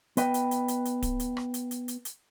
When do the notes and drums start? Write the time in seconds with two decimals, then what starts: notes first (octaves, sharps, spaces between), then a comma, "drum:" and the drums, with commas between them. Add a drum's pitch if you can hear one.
0.17 B3 B4 D#5 G5, drum: hi-hat
0.34 drum: hi-hat
0.51 drum: hi-hat
0.68 drum: hi-hat
0.85 drum: hi-hat
1.02 drum: kick D1, hi-hat
1.20 drum: hi-hat
1.37 drum: rim click
1.54 drum: hi-hat
1.71 drum: hi-hat
1.88 drum: hi-hat
2.05 drum: hi-hat